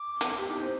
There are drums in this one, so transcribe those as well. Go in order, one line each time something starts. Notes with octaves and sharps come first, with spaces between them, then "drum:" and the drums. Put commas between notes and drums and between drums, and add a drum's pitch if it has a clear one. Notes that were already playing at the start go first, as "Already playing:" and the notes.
Already playing: D6
drum: hi-hat
G4
D#4
C4